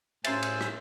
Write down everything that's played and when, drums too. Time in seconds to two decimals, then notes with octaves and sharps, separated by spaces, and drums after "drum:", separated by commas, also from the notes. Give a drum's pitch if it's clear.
0.24 A2 C#4 C5 E5 G#5 C6 E6 A6, drum: cymbal
0.43 drum: cymbal
0.61 drum: rim click